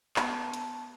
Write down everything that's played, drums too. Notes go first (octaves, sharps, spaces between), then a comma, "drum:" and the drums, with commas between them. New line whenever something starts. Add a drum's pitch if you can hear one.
B3 A5, drum: clap
drum: hi-hat